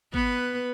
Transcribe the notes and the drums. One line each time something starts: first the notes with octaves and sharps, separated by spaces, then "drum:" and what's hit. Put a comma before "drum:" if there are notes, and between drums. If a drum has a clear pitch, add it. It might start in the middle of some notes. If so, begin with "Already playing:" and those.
B3 B4, drum: kick G#1